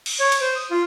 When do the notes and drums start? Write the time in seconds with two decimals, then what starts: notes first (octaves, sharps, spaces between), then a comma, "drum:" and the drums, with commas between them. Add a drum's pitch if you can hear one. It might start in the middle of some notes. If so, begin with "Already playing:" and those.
0.06 drum: cymbal
0.20 C#5
0.32 drum: cymbal
0.41 C5
0.56 D#6
0.71 F4